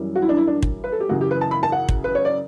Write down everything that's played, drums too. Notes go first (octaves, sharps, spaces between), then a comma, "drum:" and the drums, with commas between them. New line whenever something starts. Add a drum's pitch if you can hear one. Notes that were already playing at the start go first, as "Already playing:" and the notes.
Already playing: F#2 E3 G3 C#4
F#4
E4
D4
E4
D4
drum: kick
B4
A4
G4
F#2 C#3 E3 F#4
G4
B4
A5
B5
A5
F#5
drum: kick
B4
C#5
D5